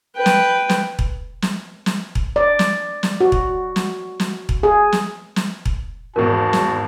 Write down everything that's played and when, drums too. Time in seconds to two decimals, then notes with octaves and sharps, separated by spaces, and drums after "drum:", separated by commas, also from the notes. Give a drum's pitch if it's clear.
0.16 B4 G5
0.26 drum: snare
0.69 drum: snare
0.99 drum: kick E1
1.42 drum: snare
1.86 drum: snare
2.15 drum: kick E1
2.36 D5
2.59 drum: snare
3.03 drum: snare
3.21 F#4
3.32 drum: kick E1
3.76 drum: snare
4.20 drum: snare
4.49 drum: kick E1
4.63 G#4
4.92 drum: snare
5.36 drum: snare
5.65 drum: kick E1
6.16 G#1 E2 F#4 A#4 A5
6.53 drum: snare